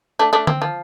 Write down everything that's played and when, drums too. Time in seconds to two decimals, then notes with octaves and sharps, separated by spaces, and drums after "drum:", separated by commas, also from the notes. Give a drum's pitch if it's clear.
0.19 A3 D4
0.33 A3 D4
0.47 C4, drum: tom D3
0.62 F3